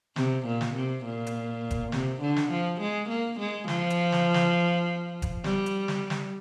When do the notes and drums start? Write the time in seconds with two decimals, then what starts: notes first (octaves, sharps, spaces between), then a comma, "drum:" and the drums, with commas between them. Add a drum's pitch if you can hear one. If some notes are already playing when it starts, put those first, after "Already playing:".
0.16 C3, drum: snare
0.46 A#2
0.61 drum: snare
0.75 C3
1.05 A#2
1.27 drum: hi-hat
1.71 drum: kick F1, hi-hat
1.92 C3, drum: snare
2.22 D3
2.36 drum: snare
2.51 F3
2.81 G#3
3.09 A#3
3.39 G#3
3.68 F3, drum: snare
3.90 drum: hi-hat
4.12 drum: snare
4.34 drum: snare
5.22 drum: kick F1, hi-hat
5.44 G3, drum: snare
5.66 drum: hi-hat
5.88 drum: snare
6.10 drum: snare